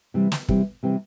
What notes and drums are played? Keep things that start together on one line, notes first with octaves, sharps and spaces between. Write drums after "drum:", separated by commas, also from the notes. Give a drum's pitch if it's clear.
C3 E3 G3 C4
drum: snare
C3 E3 G3 C4, drum: kick
C3 E3 G3 C4